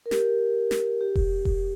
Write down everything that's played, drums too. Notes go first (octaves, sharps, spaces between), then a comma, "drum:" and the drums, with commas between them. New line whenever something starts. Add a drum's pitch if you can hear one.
A#4
G4, drum: snare
drum: snare
G4
drum: kick E1
drum: kick E1